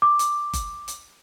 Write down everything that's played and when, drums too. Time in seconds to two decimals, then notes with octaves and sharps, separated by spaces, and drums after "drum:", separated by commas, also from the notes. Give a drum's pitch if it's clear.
0.02 D6
0.19 drum: hi-hat
0.53 drum: kick F#1, hi-hat
0.88 drum: hi-hat